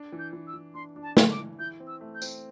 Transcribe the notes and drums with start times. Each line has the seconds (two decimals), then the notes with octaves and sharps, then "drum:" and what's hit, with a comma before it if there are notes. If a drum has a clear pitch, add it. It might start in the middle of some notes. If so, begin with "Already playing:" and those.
Already playing: D4
0.12 E3
0.19 G6
0.33 E3
0.47 E6
0.54 E3
0.74 D4 C6
0.96 D4
1.03 A5
1.17 D4, drum: snare
1.31 D6
1.38 E3
1.59 E4 G6
1.80 C4
1.87 E6
2.01 A3
2.15 G6
2.22 C4, drum: tambourine